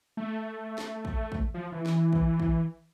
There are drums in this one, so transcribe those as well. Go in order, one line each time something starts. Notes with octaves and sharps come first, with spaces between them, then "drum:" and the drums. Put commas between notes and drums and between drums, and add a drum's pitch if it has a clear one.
A3
drum: snare
drum: kick
drum: kick
F3
E3
drum: snare
drum: kick
drum: kick